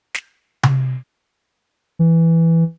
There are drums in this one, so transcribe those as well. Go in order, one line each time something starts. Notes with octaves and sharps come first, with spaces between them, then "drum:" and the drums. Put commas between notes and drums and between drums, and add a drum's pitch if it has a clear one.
drum: snare
drum: tom C3
E3